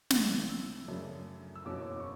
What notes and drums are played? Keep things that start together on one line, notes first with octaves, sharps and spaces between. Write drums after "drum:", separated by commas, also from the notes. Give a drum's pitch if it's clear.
D2 C#3 E3 A3 F#6, drum: snare
E6
F#2 C#3 F#3 A3 D4
E6
F#1 E2 B2 F#3 C#4 D6
C#6